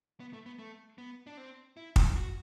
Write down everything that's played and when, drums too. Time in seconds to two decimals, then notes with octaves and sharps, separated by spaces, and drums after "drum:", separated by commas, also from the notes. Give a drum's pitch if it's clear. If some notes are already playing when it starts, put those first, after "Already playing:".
0.20 B3
0.33 A3
0.46 B3
0.59 A3
0.98 B3
1.27 D4
1.37 C4
1.77 E4
1.96 drum: kick
2.15 F#4